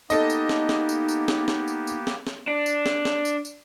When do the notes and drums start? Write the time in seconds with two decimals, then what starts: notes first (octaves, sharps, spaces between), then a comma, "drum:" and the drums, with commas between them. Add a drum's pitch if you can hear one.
0.10 A#3 B3 D#4 G4 A4 D#5, drum: tambourine
0.30 drum: tambourine
0.49 drum: snare
0.69 drum: snare
0.89 drum: tambourine
1.08 drum: tambourine
1.28 drum: snare
1.48 drum: snare
1.68 drum: tambourine
1.87 drum: tambourine
2.07 drum: snare
2.27 drum: snare
2.47 D4
2.66 drum: tambourine
2.86 drum: snare
3.05 drum: snare
3.25 drum: tambourine
3.45 drum: tambourine